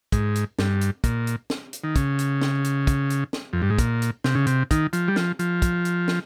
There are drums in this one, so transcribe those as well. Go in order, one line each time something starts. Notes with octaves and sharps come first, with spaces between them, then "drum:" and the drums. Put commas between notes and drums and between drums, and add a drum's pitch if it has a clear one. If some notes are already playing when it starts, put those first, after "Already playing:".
G#2, drum: kick, hi-hat
drum: hi-hat
G2, drum: snare
drum: hi-hat
A#2, drum: kick, hi-hat
drum: hi-hat
drum: snare
drum: hi-hat
D#3
C#3, drum: kick, hi-hat
drum: hi-hat
drum: snare
drum: hi-hat
drum: kick, hi-hat
drum: hi-hat
drum: snare
F2
G2
G#2
A#2, drum: kick, hi-hat
drum: hi-hat
C3, drum: snare
C#3
C3, drum: hi-hat
D#3, drum: kick, hi-hat
F3, drum: hi-hat
G3
F3, drum: snare
F3, drum: hi-hat
drum: kick, hi-hat
drum: hi-hat
drum: snare